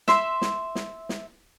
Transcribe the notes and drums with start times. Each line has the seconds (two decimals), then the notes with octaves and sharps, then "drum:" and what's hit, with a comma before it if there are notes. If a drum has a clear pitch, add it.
0.08 E5 C6, drum: snare
0.42 drum: snare
0.75 drum: snare
1.09 drum: snare